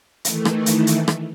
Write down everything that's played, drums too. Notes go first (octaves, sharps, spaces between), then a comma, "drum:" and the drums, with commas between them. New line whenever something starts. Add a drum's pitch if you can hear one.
D#3 E3 A3, drum: hi-hat
drum: rim click
drum: hi-hat
drum: hi-hat
drum: rim click